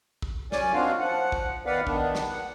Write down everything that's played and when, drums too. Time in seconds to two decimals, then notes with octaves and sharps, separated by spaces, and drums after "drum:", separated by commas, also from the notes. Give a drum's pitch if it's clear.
0.22 drum: kick
0.52 F#2 C#4 D5 G#5, drum: snare
0.74 D#3 C4 D4 F4 F#4 F5
1.00 F3 F#5
1.32 drum: kick
1.66 D#3 B3 B4 D5 F5 F#5
1.87 D#3 B3 D4, drum: kick
2.15 drum: snare
2.28 F#5